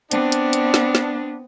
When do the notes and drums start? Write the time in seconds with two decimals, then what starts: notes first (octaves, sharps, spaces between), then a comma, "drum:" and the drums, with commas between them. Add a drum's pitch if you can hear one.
0.11 B3 C4 D4, drum: hi-hat
0.32 drum: hi-hat
0.53 drum: hi-hat
0.74 drum: snare
0.95 drum: snare